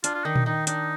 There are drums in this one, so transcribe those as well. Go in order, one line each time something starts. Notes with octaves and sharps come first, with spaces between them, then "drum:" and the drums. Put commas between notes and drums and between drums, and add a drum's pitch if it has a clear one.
D4 F4, drum: hi-hat
F4
D#3 D#4
drum: tom A#2
D#3 D#4
D4 D#4, drum: hi-hat